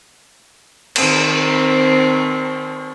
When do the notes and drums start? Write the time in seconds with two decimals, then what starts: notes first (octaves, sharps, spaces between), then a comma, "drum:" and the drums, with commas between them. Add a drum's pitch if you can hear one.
0.96 D#3 C4, drum: cymbal